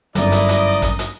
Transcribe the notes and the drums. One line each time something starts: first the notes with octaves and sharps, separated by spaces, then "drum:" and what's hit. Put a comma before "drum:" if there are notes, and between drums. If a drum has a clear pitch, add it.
G1 F#2 D#4 E4 D5 D#5 A#5, drum: hi-hat
drum: hi-hat
drum: hi-hat
drum: kick G#1, hi-hat
drum: hi-hat